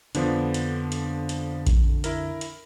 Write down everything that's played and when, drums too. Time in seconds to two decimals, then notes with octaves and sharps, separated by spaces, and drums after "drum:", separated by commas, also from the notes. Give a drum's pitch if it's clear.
0.15 F2 D3 F3 B3 D4, drum: hi-hat
0.54 drum: hi-hat
0.92 drum: hi-hat
1.29 drum: hi-hat
1.67 drum: kick A#1, hi-hat
2.04 E4 A#4, drum: hi-hat
2.41 drum: hi-hat